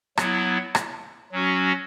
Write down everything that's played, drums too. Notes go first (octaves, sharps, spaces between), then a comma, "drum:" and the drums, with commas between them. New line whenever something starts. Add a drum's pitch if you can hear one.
F#3 B3 E4, drum: rim click
drum: rim click
F#3 C#4 F#4